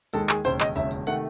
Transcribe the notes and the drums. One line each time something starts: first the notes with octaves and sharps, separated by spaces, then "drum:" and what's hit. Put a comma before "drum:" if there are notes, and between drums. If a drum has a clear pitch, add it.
D#2 D#3 G#3 A4, drum: tambourine
G#4, drum: clap
E1 D#2 C#3 C5, drum: tambourine
D#5, drum: clap
E1 D#2 C#3 E5, drum: tambourine
drum: tambourine
C3 D#3 A3 F#5, drum: tambourine